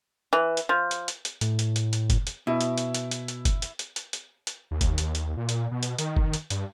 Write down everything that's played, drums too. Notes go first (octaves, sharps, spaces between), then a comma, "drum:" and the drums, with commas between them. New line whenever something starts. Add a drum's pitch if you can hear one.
E3
drum: hi-hat
F3
drum: hi-hat
drum: hi-hat
drum: hi-hat
A2, drum: hi-hat
drum: hi-hat
drum: hi-hat
drum: hi-hat
drum: kick F#1, hi-hat
drum: hi-hat
B2 E4
drum: hi-hat
drum: hi-hat
drum: hi-hat
drum: hi-hat
drum: hi-hat
drum: kick F#1, hi-hat
drum: hi-hat
drum: hi-hat
drum: hi-hat
drum: hi-hat
drum: hi-hat
D#2
drum: kick F#1, hi-hat
drum: hi-hat
drum: hi-hat
A#2
drum: hi-hat
B2
drum: hi-hat
D#3, drum: hi-hat
drum: kick F#1
drum: hi-hat
G2, drum: hi-hat